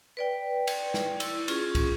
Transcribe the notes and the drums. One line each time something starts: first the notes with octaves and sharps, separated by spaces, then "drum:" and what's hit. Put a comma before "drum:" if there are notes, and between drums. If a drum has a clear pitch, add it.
B4 D5 G5
drum: cymbal
drum: snare
E4, drum: cymbal
C#4 F4 G#4 C#6, drum: cymbal
drum: kick, cymbal